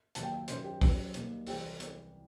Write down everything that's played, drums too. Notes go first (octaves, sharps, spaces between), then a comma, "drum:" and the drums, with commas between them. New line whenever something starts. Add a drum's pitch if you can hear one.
D#2 D#3 F#3 A5, drum: hi-hat
G5
E5
F#2 D#3 F#3 C5, drum: hi-hat
G4
F#2 F#3, drum: kick B1, open hi-hat
D#2 D#3 G3, drum: hi-hat
C2 C3 E3 G3 G4, drum: open hi-hat
drum: hi-hat